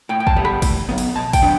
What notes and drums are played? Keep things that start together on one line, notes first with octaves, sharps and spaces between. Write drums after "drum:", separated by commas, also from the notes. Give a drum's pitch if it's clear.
A2 G5
G5
A5, drum: kick
G3 B3
B5, drum: rim click
A2, drum: kick, cymbal
F#3 B3
drum: cymbal
B2 A5
G5, drum: kick, cymbal
F#3 B3 D4